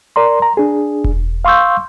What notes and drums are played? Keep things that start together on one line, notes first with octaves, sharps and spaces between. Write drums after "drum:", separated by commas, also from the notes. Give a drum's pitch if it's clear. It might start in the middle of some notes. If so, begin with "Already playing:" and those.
A#4 D5 A#5 C6
A#5
D4 G#4
drum: kick E1
F5 C6 C#6 E6 G6